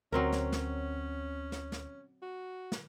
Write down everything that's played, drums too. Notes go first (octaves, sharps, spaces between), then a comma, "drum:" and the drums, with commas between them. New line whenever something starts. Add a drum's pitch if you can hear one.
D2 F#3 C4 C#4 A#4
drum: snare
drum: snare
drum: snare
drum: snare
F#4
drum: snare